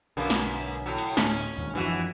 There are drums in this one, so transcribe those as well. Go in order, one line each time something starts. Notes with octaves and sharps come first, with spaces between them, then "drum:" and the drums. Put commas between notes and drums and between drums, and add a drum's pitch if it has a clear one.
B1 F#2 D3 A#3 B3
drum: snare
A2 F#3
drum: hi-hat
D1 A2 D3 C#4, drum: snare
E1 D#2 G#2
F#2 E3 F3 D4 F#4